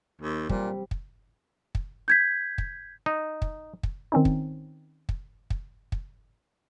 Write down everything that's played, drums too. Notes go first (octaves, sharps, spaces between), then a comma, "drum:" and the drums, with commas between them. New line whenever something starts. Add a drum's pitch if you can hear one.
D#2
A#2 G3 C4, drum: kick
drum: kick
drum: kick
G6 G#6 B6
drum: kick
D#4
drum: kick
drum: kick
D#3 C4 C#4 D#4
drum: kick
drum: kick
drum: kick
drum: kick